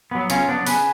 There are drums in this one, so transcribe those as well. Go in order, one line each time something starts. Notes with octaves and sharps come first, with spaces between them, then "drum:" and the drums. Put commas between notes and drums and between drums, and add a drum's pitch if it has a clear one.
F#3 B3
C#3 C#4 F4, drum: hi-hat
F#3 B3 D4
C#3 G#4 B4, drum: open hi-hat